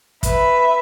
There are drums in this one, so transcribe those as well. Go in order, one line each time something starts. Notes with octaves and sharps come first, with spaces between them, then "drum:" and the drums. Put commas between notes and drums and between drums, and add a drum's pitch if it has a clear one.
B4 E5, drum: kick, hi-hat